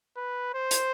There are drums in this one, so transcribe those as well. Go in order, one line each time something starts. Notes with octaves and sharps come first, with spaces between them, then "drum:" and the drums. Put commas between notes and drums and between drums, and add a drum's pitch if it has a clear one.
B4
C5
drum: hi-hat